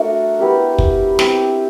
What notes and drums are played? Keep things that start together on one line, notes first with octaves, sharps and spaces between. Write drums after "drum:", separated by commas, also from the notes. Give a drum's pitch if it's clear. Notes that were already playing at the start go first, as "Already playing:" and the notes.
Already playing: A3 D4 F#4 A#4
B3 E4 G4 A#4
drum: kick
C4 E4 G4 C5, drum: snare